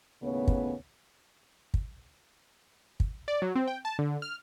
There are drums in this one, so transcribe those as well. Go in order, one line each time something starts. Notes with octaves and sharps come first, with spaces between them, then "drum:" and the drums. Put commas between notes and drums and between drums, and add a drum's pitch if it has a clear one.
D#2 A2 C#3 B3 C#5
drum: kick
drum: kick
drum: kick
D5
F#3
C4
G5
A5
D3
F6